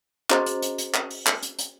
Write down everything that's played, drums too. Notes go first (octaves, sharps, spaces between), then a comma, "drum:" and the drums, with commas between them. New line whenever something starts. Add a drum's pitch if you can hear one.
C#4 F#4 G#4 C5 D#5 A#5, drum: clap
drum: hi-hat
drum: hi-hat
drum: hi-hat
drum: clap
drum: open hi-hat
drum: clap
drum: hi-hat
drum: hi-hat